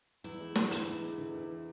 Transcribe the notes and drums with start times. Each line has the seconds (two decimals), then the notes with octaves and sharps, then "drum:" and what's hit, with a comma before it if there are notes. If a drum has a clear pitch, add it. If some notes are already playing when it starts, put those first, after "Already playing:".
0.24 E2 E4
0.40 G#3
0.55 D3, drum: snare
0.71 E2, drum: hi-hat
0.87 E2
1.02 G#3
1.18 D3
1.34 E2